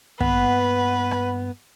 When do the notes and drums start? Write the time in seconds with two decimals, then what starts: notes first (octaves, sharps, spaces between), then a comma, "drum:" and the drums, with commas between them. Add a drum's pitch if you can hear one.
0.21 G2 A#3 B3 B4 F#5, drum: tom
1.11 drum: rim click